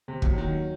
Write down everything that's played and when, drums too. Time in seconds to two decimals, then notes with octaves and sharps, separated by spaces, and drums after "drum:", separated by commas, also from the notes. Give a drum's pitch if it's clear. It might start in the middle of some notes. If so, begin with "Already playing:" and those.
0.08 C3
0.22 D#2 F#3, drum: kick
0.38 D#3